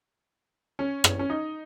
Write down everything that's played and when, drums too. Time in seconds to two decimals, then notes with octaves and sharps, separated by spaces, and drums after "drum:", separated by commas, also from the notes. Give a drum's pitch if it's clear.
0.79 C#4
1.04 drum: rim click
1.19 C#4
1.30 D#4